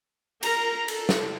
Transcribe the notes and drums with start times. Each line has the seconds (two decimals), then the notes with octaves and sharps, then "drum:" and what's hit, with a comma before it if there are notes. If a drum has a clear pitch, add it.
0.43 A#4 A#5, drum: cymbal
0.88 A4, drum: cymbal
1.09 drum: snare